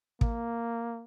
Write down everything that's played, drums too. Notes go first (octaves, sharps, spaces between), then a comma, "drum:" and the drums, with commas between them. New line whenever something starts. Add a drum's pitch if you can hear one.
A#3, drum: kick